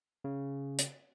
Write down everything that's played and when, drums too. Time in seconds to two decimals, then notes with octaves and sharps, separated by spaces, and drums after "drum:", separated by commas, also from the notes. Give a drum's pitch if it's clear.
0.24 C#3
0.79 drum: hi-hat